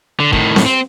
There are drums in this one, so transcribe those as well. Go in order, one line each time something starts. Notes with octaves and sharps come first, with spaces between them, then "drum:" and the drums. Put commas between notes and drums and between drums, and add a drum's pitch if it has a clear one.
D3
A2 D#3, drum: kick
drum: snare C4
C4